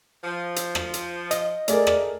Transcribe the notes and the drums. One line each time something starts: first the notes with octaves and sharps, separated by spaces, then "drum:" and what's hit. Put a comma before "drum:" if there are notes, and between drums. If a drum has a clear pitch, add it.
F3
drum: hi-hat
drum: rim click
drum: hi-hat
D#5, drum: hi-hat
A3 G#4 A#4 D5, drum: hi-hat
drum: rim click